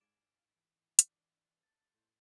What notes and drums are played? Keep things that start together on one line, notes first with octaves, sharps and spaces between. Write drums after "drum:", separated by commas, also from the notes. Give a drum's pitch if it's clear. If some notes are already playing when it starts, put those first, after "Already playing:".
G#2 D5 F5 G#5 D7 E7
E3
D4, drum: hi-hat
A4 A6
A2 C5 D#5 A5